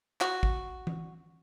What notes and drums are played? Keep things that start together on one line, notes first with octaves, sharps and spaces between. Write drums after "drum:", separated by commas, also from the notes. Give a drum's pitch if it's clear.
F#4, drum: clap
drum: kick
drum: tom E3